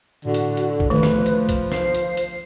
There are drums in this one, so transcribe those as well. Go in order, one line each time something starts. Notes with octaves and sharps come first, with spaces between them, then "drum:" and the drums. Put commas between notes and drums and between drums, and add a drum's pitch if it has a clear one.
A2 D3 F#4
drum: hi-hat
drum: hi-hat
drum: kick
D#3 F3 A3 B4
drum: snare
drum: hi-hat
drum: kick, hi-hat
C5 C7, drum: snare
drum: hi-hat
drum: hi-hat